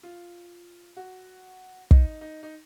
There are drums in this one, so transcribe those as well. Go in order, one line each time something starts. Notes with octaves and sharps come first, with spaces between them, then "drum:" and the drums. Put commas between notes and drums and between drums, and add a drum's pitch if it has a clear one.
F4
F#4
D#4, drum: kick
D#4
D#4